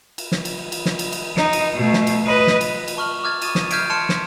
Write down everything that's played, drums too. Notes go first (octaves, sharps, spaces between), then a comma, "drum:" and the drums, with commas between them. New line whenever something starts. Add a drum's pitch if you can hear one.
drum: cymbal
drum: snare
drum: cymbal
drum: cymbal
drum: snare
drum: cymbal
drum: cymbal
D#4, drum: snare
drum: cymbal
B2 A3
drum: snare
drum: cymbal
B4 D#5
drum: snare
drum: cymbal
drum: cymbal
A5 C#6 F6 F#7
D6 F6 G#6 A6
C#6 D#6 A6 D#7 E7, drum: cymbal
drum: snare
F6 G6 G#6 B6 C7 D7, drum: cymbal
A5 C6 F6 C#7 E7
drum: snare